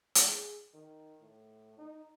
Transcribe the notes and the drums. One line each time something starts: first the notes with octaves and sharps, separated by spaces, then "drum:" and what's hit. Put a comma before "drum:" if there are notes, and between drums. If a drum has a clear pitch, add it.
drum: hi-hat
G#4
D#3
A2
D#4